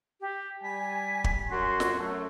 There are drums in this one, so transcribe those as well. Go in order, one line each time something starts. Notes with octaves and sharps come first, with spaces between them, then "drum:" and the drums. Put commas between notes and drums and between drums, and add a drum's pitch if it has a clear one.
G4
G3 G#5 B6
drum: kick
F#2 C#4 F#4 C6
drum: snare
F#2 A3